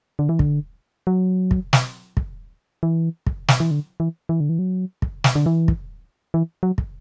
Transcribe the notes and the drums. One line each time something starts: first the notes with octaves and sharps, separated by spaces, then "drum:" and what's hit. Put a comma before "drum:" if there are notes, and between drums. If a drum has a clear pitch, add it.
D3
E3
D3, drum: kick
F#3
drum: kick
drum: snare
drum: kick
E3
drum: kick
drum: snare
E3
D3
E3
E3
D3
E3
F#3
drum: kick
drum: snare
D3
E3
drum: kick
E3
F#3
drum: kick